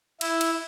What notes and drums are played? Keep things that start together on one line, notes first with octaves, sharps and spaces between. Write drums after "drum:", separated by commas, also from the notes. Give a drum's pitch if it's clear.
E4, drum: cymbal
drum: cymbal